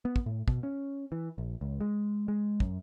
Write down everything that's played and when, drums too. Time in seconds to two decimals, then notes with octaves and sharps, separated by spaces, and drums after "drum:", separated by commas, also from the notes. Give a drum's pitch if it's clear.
0.05 B3
0.16 drum: kick
0.26 A2
0.48 B2, drum: kick
0.63 C#4
1.12 E3
1.38 A#1
1.61 C#2
1.81 G#3
2.28 G#3
2.60 F#2, drum: kick